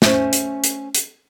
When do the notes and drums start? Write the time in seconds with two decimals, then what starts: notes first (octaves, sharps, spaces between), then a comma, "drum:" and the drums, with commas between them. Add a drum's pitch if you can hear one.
0.02 A3 C#4 C5 G#5, drum: snare
0.33 drum: hi-hat
0.64 drum: hi-hat
0.95 drum: hi-hat